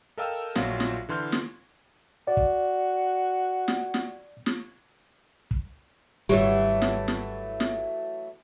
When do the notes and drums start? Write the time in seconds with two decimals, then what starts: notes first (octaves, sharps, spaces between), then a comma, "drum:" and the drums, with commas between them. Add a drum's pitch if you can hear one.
0.17 A4 A#4 D#5 F5 G5 E6
0.55 A#1 F#3 F4 C5 F5 C6, drum: snare
0.80 drum: snare
1.09 D3 E3 C6 F6 G6
1.32 drum: snare
2.28 F#4 D5
2.37 drum: kick
3.68 drum: snare
3.94 drum: snare
4.46 drum: snare
5.51 drum: kick
6.29 G#1 E3 F#3 G3 A3 G4
6.82 drum: snare
7.08 drum: snare
7.60 drum: snare